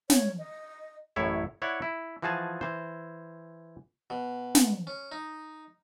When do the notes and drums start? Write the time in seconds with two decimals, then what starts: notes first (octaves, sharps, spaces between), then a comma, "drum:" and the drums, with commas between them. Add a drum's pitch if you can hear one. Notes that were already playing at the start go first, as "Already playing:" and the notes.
0.10 C#5, drum: snare
0.38 D#5
1.16 A1 F#2 A2 E4 C#5 E5
1.62 E4 C#5 D5 F#5
1.82 E4
2.22 E3 F3 F#4 G#4 G#5 A5
2.61 E3 C5
4.10 B2
4.55 drum: snare
4.87 C#4
5.12 D#4